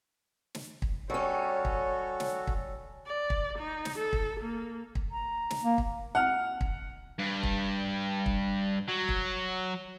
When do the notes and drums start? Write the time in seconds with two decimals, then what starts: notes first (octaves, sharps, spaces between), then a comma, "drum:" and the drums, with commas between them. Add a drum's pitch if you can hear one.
0.55 drum: snare
0.82 drum: kick
1.10 G3 C#4 F#4 A4 C#5
1.65 drum: kick
2.20 drum: snare
2.47 drum: kick
3.06 D5
3.30 drum: kick
3.58 D#4
3.85 drum: snare
3.98 A4
4.13 drum: kick
4.40 A#3
4.95 drum: kick
5.12 A#5
5.50 drum: snare
5.63 A#3
5.78 drum: kick
6.15 F#5 F6
6.61 drum: kick
7.19 G2
7.43 drum: kick
8.26 drum: kick
8.89 F#3
9.09 drum: kick